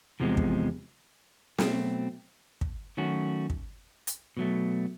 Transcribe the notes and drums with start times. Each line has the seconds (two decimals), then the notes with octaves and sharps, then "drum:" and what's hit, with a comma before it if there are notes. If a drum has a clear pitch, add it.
0.20 E2 C3 F3 G#3
0.37 drum: kick
1.58 B2 F#3 A3 C4, drum: snare
2.61 drum: kick
2.97 D#3 F#3 A3 C#4 F#4
3.50 drum: kick
4.07 drum: hi-hat
4.37 B2 F#3 A3